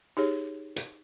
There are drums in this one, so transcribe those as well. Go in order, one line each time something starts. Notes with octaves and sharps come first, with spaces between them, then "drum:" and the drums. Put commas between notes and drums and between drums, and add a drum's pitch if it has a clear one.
D#4 G4 G#4 C#5
drum: hi-hat